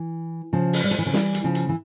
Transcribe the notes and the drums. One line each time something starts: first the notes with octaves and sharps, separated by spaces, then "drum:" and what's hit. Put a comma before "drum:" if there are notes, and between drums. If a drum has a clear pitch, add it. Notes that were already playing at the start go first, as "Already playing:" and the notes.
Already playing: E3
C#3 F3
drum: open hi-hat
G3
F3, drum: hi-hat
E3
C#3 F3
E3 G3, drum: snare
drum: hi-hat
C#3 F3
drum: hi-hat
E3